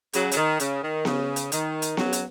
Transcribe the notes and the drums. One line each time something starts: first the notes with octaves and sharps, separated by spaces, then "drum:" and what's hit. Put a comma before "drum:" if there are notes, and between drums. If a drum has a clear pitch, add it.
C#3 F#3, drum: hi-hat
F#3, drum: hi-hat
D#3
C#3, drum: hi-hat
D#3
C#3, drum: snare B3
drum: hi-hat
D#3, drum: hi-hat
drum: hi-hat
C#3 F#3, drum: snare B3
drum: hi-hat